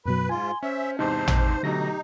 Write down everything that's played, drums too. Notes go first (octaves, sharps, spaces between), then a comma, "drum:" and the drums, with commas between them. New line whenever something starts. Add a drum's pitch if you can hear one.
F#2 B2 F#3 B4 B5
G#2 F4 G#5 C6
C#4 C5 E5
E2 G#2 C3 D#4 C5 A5
drum: tom A1
B2 D3 F#3 A3 D#4 G4 A#6